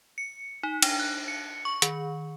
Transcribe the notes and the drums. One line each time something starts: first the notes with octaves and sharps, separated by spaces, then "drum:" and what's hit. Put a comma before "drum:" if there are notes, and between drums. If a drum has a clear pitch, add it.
C#7
D#4
D4, drum: cymbal
F#6
C#7
C#6
D#3, drum: hi-hat